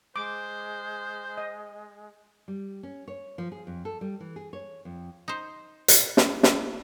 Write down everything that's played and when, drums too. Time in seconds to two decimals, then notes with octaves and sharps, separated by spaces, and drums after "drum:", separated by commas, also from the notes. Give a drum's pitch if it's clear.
0.16 G#3 C5 D6
1.38 D#5
2.48 G3
2.83 C#4
3.08 C#5
3.38 F3
3.52 G#4
3.67 F2
3.85 A4
4.01 G3
4.20 E3
4.36 G#4
4.53 C#5
4.85 F2
5.28 D#4 C5
5.88 drum: hi-hat
6.17 drum: snare
6.43 drum: snare